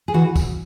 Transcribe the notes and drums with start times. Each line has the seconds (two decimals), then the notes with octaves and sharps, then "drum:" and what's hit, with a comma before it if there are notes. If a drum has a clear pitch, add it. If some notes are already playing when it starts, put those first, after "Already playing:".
0.08 G#4
0.14 E3 F#4
0.36 drum: kick, tambourine